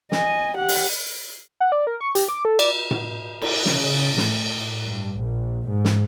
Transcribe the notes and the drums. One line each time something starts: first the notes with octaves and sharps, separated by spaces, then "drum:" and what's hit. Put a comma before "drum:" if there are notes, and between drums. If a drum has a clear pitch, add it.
D#5 G#5, drum: snare
G4 F#5
drum: open hi-hat
F#5
D5
A#4
C#6
G4, drum: hi-hat
D6
A4
D5, drum: cymbal
drum: tom A2
drum: cymbal
C#3, drum: snare
A2, drum: snare
G2
A#1
G#2
drum: snare